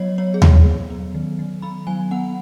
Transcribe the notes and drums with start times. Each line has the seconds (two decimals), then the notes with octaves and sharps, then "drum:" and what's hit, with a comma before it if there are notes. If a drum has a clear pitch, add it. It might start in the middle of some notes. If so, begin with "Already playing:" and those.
Already playing: F#3 B3 C#5 D#5
0.18 B3 C#5
0.34 G#4
0.42 F#3, drum: tom D#2
0.66 F#3
0.90 B3
1.14 D#3
1.39 D#3
1.62 B3 B5
1.87 F#3 G#5
2.11 B3 F#5